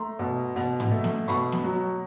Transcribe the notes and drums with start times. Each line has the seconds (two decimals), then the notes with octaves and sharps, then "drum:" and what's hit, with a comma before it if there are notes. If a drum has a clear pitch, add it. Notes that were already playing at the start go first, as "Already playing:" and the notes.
Already playing: A3 A#5 C6
0.19 B2
0.56 B2, drum: open hi-hat
0.80 drum: tom G#2
0.92 A3
1.04 drum: snare
1.28 B2 B5 C#6, drum: hi-hat
1.52 drum: snare
1.64 F#3